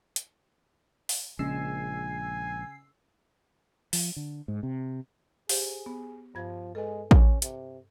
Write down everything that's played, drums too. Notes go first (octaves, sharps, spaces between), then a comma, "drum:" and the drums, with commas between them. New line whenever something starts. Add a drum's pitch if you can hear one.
drum: hi-hat
drum: open hi-hat
A#1 C#3 G#3 G#5 E6 C7
F3, drum: open hi-hat
D3
G#2
C3
G4 G#4 C5, drum: open hi-hat
B3
G2 F3 G#6
G#3 A4 B4 G#5
C#4, drum: kick A1
C3, drum: hi-hat